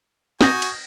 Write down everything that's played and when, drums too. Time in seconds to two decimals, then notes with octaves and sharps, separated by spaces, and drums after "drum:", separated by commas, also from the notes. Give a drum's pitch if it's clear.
0.41 F#4 G#5 D#6 G6 A#6, drum: snare
0.62 drum: cymbal